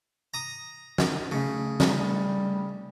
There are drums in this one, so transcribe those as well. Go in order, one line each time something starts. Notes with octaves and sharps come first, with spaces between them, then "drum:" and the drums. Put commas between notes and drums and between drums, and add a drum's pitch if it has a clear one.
A#5 D#6
drum: snare
C#3 A3
G3, drum: snare